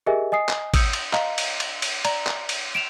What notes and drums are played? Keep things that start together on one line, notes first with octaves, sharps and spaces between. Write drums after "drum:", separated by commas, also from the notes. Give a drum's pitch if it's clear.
G4 G#4 A#4 D#5 E5 G#5
D#5 G#5 D#6 C7
drum: clap
D#6 E6 G6 C#7, drum: kick G#1, cymbal
drum: cymbal
D#5 F5 A#5, drum: clap
drum: cymbal
drum: cymbal
drum: cymbal
D5 A#5, drum: cymbal
drum: clap
drum: cymbal
D7 E7 F7